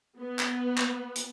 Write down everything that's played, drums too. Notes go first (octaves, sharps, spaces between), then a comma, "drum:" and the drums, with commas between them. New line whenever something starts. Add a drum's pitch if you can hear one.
B3
drum: clap
drum: clap
drum: hi-hat